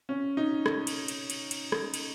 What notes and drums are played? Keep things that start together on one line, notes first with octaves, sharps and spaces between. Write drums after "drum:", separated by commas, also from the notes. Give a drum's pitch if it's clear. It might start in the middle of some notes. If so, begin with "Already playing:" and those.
C#4
D#4
drum: rim click
drum: cymbal
drum: cymbal
drum: cymbal
drum: cymbal
drum: rim click
drum: cymbal